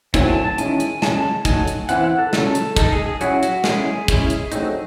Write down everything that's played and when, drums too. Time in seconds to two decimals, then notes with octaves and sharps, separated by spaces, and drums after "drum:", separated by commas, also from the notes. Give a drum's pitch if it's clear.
0.14 D#3 F#3 A3 C4 E4 G#5, drum: kick, hi-hat
0.29 A5
0.44 A5
0.58 D#3 G#3 C#4 E4 G#5, drum: hi-hat
0.80 drum: hi-hat
1.02 C#3 G#3 C#4 A5, drum: snare
1.45 F#3 A3 D#4 G#5, drum: kick, hi-hat
1.68 drum: hi-hat
1.89 E3 C4 E4 F#5, drum: hi-hat
2.04 F#5
2.18 A4
2.33 C#3 F#3 C#4 A4, drum: snare
2.55 drum: hi-hat
2.77 G#3 D#4 A4, drum: kick, hi-hat
2.92 G#4
3.06 G#4
3.21 F#3 C#4 E4 F#4, drum: hi-hat
3.43 F#4, drum: hi-hat
3.64 G#3 C#4 E4 G#4, drum: snare
4.08 G#3 C#4 E4, drum: kick, hi-hat
4.30 drum: hi-hat
4.52 F#3 A3 C4 D#4, drum: hi-hat